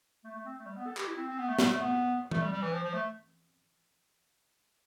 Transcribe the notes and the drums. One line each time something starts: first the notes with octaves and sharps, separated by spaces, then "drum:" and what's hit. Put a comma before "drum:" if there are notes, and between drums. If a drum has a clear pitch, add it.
A3
A3
C4
A3
G3
B3
A4
G4, drum: clap
E4
C4
C4
B3
A3
G3, drum: snare
A3
B3
A3, drum: tom E3
G3
G3
E3
F3
F3
A3